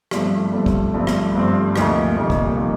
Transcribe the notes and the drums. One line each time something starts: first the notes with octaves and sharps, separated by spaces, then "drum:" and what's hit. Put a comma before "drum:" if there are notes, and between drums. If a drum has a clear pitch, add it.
G1 G2 F3 A3 C4, drum: rim click
G1 G2 F3 A3 C4
drum: kick
G1 G2 F3 A3 C4
drum: rim click
G1 G2 F3 A3 C4
D2 C3 F3 A#3 D#4, drum: rim click
D2 C3 F3 A#3 D#4
drum: kick
C3 F3 A#3 D#4